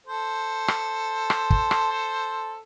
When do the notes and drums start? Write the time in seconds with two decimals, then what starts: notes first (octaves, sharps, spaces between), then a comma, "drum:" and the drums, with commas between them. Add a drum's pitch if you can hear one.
0.07 A4 C5
0.68 drum: rim click
1.30 drum: rim click
1.50 drum: kick
1.71 drum: rim click